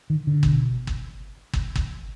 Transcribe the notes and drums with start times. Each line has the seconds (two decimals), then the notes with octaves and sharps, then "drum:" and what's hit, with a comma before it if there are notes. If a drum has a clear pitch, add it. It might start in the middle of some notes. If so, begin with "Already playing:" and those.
0.10 D#3
0.27 D3
0.43 B2, drum: kick
0.87 drum: kick
1.54 drum: kick
1.76 drum: kick